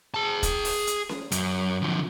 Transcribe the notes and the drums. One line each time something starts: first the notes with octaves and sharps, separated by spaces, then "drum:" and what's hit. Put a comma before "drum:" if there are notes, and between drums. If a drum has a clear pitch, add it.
G#4 A5
drum: kick, hi-hat
drum: open hi-hat
drum: hi-hat
drum: snare C#4
F#2, drum: hi-hat
D3 F3